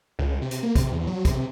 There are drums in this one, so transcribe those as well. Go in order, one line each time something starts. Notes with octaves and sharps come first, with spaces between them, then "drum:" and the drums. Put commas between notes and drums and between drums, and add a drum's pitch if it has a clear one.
C#2
C3
drum: hi-hat
A#3
C3, drum: kick, hi-hat
E2
F#3
C3, drum: kick, hi-hat